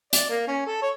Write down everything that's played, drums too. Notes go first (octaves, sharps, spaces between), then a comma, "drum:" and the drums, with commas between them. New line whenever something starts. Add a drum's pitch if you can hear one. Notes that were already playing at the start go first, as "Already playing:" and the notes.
D5, drum: hi-hat
A#3
C#4
A4
C#5